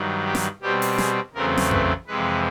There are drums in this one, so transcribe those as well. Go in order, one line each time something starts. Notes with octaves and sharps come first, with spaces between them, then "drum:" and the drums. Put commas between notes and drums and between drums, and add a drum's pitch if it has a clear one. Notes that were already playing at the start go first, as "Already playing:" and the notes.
Already playing: G2 D#3 F#3
G4
drum: snare
B2 G3 C4 G4
drum: open hi-hat
G#4, drum: snare
E2 C#3 F#3 A3 C4 A#4
drum: snare
B4, drum: tom F2
F2 C3 E3 G#3 B4